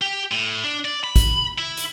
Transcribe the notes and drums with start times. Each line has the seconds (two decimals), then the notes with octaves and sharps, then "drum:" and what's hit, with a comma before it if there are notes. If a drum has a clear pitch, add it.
0.01 G4
0.32 A2
0.64 D4
0.85 D5
1.04 B5
1.16 drum: kick, hi-hat
1.58 E4
1.77 drum: hi-hat